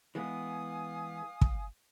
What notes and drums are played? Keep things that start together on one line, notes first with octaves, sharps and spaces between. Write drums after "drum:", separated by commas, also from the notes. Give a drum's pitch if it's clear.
E3 G#3 B3 F5 G#5 D#6
drum: kick